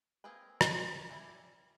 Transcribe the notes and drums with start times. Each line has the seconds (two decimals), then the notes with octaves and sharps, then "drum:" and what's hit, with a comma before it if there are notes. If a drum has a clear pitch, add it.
0.24 A#3 C4 G#4 A#4 B4
0.61 drum: rim click
1.10 G3 C#4 E4